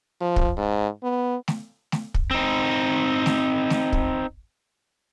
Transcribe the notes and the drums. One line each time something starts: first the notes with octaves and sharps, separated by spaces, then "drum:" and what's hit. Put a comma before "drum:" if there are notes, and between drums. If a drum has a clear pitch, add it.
F3
drum: kick
G#2
B3
drum: snare A3
drum: snare A3
drum: kick
C4 D#4
drum: snare A3
drum: snare A3
drum: kick